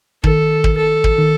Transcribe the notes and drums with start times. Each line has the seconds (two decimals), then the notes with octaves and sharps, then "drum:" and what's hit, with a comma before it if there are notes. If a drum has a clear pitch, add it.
0.24 D#3 A4, drum: kick
0.64 drum: kick
0.77 A4
1.04 drum: kick
1.18 D#3